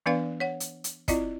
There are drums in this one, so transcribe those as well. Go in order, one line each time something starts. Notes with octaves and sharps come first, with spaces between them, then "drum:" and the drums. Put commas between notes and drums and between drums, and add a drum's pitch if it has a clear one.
E3 B3 D4 B4 D5 F5
C#5 F#5
drum: hi-hat
drum: hi-hat
C4 E4 F4 D5 D#5, drum: kick, hi-hat